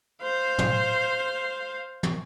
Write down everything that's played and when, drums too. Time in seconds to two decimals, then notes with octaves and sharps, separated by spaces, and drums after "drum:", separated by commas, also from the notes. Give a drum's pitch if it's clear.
0.22 C5 F5
0.59 drum: tom
2.03 drum: tom